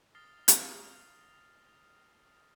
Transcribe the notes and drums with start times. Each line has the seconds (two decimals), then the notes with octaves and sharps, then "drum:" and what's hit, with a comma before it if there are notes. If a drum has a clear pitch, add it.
0.15 D#6 F6 A6 A#6 C7 G7
0.48 drum: hi-hat
0.84 F7